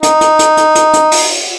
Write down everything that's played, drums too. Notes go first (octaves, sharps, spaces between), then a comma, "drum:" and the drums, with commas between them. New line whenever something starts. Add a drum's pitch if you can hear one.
D#4, drum: hi-hat
drum: hi-hat
drum: hi-hat
drum: hi-hat
drum: hi-hat
drum: hi-hat
drum: open hi-hat